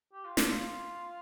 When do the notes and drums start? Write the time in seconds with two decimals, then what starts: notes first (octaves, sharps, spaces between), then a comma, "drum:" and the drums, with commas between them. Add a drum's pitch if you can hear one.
0.13 G4
0.24 F4
0.37 D4, drum: snare
0.50 F4